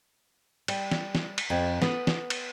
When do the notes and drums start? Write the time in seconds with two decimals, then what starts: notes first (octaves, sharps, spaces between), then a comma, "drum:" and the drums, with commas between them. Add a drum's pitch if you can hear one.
0.68 G3, drum: cymbal
0.91 drum: snare
1.15 drum: snare
1.38 drum: cymbal
1.50 F2
1.82 B3, drum: snare
2.07 drum: snare
2.30 drum: cymbal